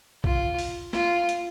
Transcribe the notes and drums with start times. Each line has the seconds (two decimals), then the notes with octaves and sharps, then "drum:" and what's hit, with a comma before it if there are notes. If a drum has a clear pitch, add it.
0.24 F4, drum: kick B1
0.59 drum: open hi-hat
0.93 F4, drum: snare
1.29 drum: hi-hat